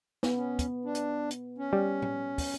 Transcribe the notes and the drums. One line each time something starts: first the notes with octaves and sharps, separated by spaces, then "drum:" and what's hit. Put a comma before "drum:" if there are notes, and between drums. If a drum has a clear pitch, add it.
B3, drum: snare
C#4
drum: kick, hi-hat
D4
drum: hi-hat
drum: hi-hat
C#4
G3
drum: tom A2
drum: kick, open hi-hat